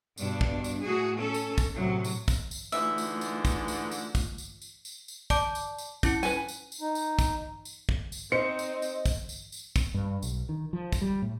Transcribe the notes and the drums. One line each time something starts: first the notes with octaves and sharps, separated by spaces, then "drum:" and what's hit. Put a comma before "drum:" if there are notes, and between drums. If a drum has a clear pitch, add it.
G2 B2 D4, drum: tambourine
drum: kick
drum: tambourine
A2 F#4 G#4
C#4 A4
drum: tambourine
drum: kick, tambourine
A2 C3 F#3
drum: tambourine
drum: kick, tambourine
drum: tambourine
G#2 D3 E3 A3 F4 E5, drum: tambourine
drum: tambourine
drum: tambourine
drum: kick, tambourine
drum: tambourine
drum: tambourine
drum: kick, tambourine
drum: tambourine
drum: tambourine
drum: tambourine
drum: tambourine
D5 A5 D6, drum: kick, tambourine
drum: tambourine
drum: tambourine
C#4 E4 C#7, drum: kick, tambourine
B4 G#5, drum: tambourine
drum: tambourine
drum: tambourine
D#4
drum: tambourine
drum: kick, tambourine
drum: tambourine
drum: kick
drum: tambourine
C4 D#4 C5 D#5 C#7
drum: tambourine
drum: tambourine
drum: kick, tambourine
drum: tambourine
drum: tambourine
drum: kick, tambourine
G2
B1, drum: tambourine
D#3
F3
drum: kick, tambourine
G3
A2